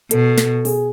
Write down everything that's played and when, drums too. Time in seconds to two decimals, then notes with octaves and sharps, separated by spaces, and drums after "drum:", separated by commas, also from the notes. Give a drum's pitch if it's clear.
0.11 B2 A4, drum: hi-hat
0.38 drum: snare
0.65 G#4, drum: open hi-hat